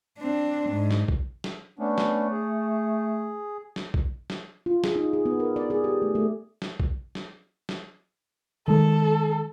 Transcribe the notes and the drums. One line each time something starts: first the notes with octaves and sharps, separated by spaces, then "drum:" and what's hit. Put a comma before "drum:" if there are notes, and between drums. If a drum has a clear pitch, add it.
C4 D4
G#2
drum: snare
drum: kick B1
drum: snare
A3 B3 C#4 D4
drum: snare
G#4
drum: snare
drum: kick B1
drum: snare
F4
G#4, drum: snare
D#4
G#4
B3
A#4
D5
G#4
G4
A3
A3
drum: snare
drum: kick B1
drum: snare
drum: snare
D#3 G#3 A4